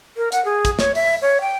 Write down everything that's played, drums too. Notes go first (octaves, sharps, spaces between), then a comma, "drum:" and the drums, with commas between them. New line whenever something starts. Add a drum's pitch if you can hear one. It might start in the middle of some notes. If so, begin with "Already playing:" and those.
A#4
F#5, drum: hi-hat
G#4
drum: kick, hi-hat
C#5, drum: snare
E5, drum: open hi-hat
C#5
G5